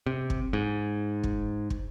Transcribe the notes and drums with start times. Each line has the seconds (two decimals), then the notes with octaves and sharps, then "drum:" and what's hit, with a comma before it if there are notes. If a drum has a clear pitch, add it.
0.06 C3
0.30 drum: kick
0.53 G#2
1.24 drum: kick
1.70 drum: kick